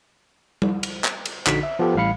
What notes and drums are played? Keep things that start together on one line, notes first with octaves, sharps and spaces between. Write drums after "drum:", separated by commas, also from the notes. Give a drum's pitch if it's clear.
drum: tom G3
drum: cymbal
drum: clap
drum: cymbal
A#1 D3 D#4 F#4 B6, drum: clap
E5
F3 B3 F4 G4 A4
A1 A2 G3 F5 B5 C#7